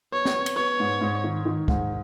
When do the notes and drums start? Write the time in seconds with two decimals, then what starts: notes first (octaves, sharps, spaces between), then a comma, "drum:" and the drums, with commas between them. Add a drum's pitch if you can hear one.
0.13 B3 C#5
0.25 drum: snare
0.35 B3
0.46 drum: cymbal
0.57 B3 C#5
0.80 G#2
1.01 G#2
1.24 D#3
1.46 D#3
1.68 G#2, drum: kick